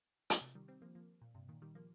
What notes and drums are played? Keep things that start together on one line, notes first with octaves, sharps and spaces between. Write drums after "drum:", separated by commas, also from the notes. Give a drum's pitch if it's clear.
drum: hi-hat
C3 F3
D#3 G3
G3 C4
F3 A#3
F3 A#3
A#2
G2 C3
A#2 D#3
D#3 G3
F3 A#3